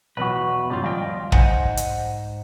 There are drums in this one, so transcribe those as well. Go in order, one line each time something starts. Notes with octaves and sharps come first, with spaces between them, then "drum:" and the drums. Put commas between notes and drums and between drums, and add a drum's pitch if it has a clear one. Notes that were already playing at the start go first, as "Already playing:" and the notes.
B1 E2 F#4 B4
G2 C#3 E3 G3 F4
D#2 F3 G3 D#5 F5 G5
G#2 D#4 C5 F#5 G#5, drum: kick
drum: hi-hat